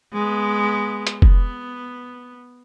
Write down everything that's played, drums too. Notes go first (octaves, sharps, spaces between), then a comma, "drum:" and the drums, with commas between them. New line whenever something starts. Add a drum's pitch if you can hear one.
G#3 B3
drum: hi-hat
B3, drum: kick F1